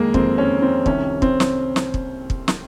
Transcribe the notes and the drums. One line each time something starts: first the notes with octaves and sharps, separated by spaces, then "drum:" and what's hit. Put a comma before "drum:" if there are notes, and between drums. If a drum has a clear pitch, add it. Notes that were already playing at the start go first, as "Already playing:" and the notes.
Already playing: F2 D#3 G#3 A#3
F2 D#3 C4, drum: kick
C#4
C4
C2 C3 D#3 C#4, drum: kick
C4, drum: kick
drum: snare
drum: snare
drum: kick
drum: kick
drum: snare